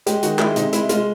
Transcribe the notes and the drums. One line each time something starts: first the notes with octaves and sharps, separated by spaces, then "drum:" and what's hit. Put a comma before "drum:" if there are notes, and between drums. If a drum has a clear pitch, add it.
G#3 G4, drum: hi-hat
D#3 F#4, drum: hi-hat
G#3 E4, drum: clap
C3 D#4, drum: hi-hat
G#3 E4, drum: hi-hat
G#3 F4, drum: hi-hat